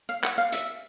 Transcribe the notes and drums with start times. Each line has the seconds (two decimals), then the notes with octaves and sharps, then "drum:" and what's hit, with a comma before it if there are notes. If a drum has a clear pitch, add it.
0.09 F5
0.24 F#5, drum: clap
0.38 F5
0.52 E5, drum: hi-hat